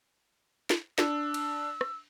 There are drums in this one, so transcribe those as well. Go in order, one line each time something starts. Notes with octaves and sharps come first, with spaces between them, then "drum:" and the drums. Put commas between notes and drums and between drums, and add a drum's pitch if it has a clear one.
drum: snare
D4 E6, drum: snare
drum: cymbal
drum: rim click